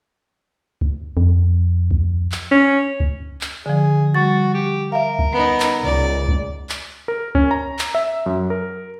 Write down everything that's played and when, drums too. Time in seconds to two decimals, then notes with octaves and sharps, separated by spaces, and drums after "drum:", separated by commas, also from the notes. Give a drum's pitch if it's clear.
0.81 drum: kick C#2
1.17 F2
1.91 drum: kick C#2
2.32 drum: clap
2.51 C#4
3.00 drum: kick C#2
3.41 drum: clap
3.66 D3 F3 G#4
4.15 G3 F#4 C#6 A6
4.54 G4
4.92 A#4 E5 F5
5.19 drum: kick C#2
5.33 B3 D#4
5.60 drum: clap
5.84 C#2 D5
6.28 drum: kick C#2
6.69 drum: clap
7.08 A#4
7.35 C#4, drum: kick C#2
7.51 A#5
7.79 drum: clap
7.95 E5
8.26 F#2
8.50 A#4